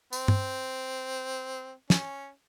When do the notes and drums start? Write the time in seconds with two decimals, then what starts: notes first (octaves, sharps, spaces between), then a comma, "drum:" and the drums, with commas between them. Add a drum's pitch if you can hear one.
0.13 C4, drum: tambourine
0.28 drum: tom
1.90 C#4, drum: snare